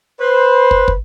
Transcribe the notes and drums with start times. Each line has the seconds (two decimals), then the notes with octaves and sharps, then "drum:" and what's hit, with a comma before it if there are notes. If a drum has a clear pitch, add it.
0.20 B4 C5
0.71 drum: kick
0.88 drum: kick